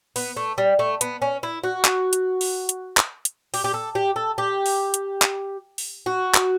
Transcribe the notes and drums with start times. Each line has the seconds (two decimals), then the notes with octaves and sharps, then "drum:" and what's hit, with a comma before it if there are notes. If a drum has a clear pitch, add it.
0.16 B3, drum: open hi-hat
0.36 A3
0.58 G3
0.79 A3
1.01 B3, drum: hi-hat
1.22 C#4
1.43 E4
1.63 F#4
1.85 drum: clap
2.13 drum: hi-hat
2.41 drum: open hi-hat
2.69 drum: hi-hat
2.97 drum: clap
3.25 drum: hi-hat
3.54 G4, drum: open hi-hat
3.64 G4
3.74 A4
3.95 G4
4.16 A4
4.38 G4
4.66 drum: open hi-hat
4.94 drum: hi-hat
5.22 drum: clap
5.78 drum: open hi-hat
6.06 F#4
6.34 drum: clap